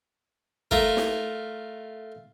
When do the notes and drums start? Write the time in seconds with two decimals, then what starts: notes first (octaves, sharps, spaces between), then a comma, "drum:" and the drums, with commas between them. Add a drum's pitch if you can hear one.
0.71 A3 F4 A#4, drum: kick
0.97 drum: snare